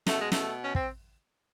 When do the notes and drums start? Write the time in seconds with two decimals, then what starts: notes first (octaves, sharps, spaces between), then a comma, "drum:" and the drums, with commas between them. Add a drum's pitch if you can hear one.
0.07 B2 A3, drum: snare
0.19 G#3
0.32 A3, drum: snare
0.64 C#4
0.75 C4, drum: kick